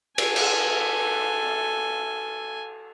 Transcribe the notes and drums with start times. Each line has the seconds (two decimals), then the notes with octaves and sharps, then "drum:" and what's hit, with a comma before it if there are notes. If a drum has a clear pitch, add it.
0.18 A4 G#5, drum: cymbal
0.36 drum: cymbal